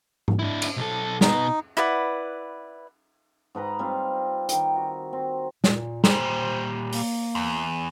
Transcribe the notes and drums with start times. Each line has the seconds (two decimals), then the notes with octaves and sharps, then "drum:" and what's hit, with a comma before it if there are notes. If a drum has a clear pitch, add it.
0.28 drum: tom G#2
0.39 D4 E4
0.62 drum: cymbal
0.77 B1 A4
1.21 B2 B3 D#4, drum: snare
1.77 E4 B4 D5 F#5
3.55 G#2 B4 A#5 B5
3.79 G3 C4 F4
4.49 D#3 G5, drum: hi-hat
4.75 F#4
5.13 C4
5.64 A#2, drum: snare
6.04 A#2 G3 C5, drum: snare
6.92 A#3, drum: open hi-hat
7.35 E2